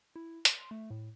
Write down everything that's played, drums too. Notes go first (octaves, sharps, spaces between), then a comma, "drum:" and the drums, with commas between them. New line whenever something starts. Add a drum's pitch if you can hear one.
E4
C6, drum: hi-hat
A3
A2